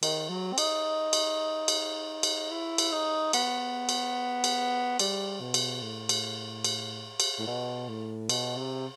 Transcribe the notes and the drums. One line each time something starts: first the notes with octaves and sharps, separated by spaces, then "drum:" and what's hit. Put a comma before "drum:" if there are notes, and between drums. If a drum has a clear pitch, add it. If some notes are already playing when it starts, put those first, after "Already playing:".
D#3, drum: cymbal
F#3
C4
D#4, drum: cymbal
drum: cymbal
drum: cymbal
drum: cymbal
E4
drum: cymbal
D#4
B3, drum: cymbal
drum: cymbal
drum: cymbal
G3, drum: cymbal
B2
drum: cymbal
A2
drum: cymbal
drum: cymbal
drum: cymbal
A2
B2
A2
B2, drum: cymbal
C3